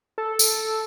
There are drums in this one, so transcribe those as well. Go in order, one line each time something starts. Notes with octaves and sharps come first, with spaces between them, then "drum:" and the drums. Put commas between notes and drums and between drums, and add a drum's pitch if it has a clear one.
A4
drum: tambourine